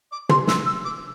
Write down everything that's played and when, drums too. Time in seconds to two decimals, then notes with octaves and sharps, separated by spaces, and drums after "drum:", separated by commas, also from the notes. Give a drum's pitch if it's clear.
0.11 D6
0.29 C6, drum: tom
0.47 E6, drum: snare
0.65 E6
0.84 D6